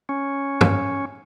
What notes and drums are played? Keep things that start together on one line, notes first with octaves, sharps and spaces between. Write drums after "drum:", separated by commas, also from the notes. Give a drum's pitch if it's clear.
C#4
drum: tom